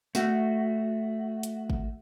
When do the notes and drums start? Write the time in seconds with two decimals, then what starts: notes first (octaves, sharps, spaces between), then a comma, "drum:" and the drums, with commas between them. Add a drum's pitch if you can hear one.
0.15 A3 F#4, drum: snare
1.43 drum: hi-hat
1.70 drum: kick G#1